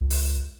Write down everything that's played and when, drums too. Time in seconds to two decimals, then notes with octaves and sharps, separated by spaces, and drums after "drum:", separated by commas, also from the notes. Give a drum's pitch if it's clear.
0.01 C#2
0.10 drum: open hi-hat